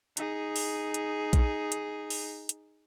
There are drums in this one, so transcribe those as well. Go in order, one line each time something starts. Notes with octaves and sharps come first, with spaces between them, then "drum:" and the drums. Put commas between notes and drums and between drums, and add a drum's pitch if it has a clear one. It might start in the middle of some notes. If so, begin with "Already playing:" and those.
D#4 G#4, drum: hi-hat
drum: open hi-hat
drum: hi-hat
drum: kick A#1, hi-hat
drum: hi-hat
drum: open hi-hat
drum: hi-hat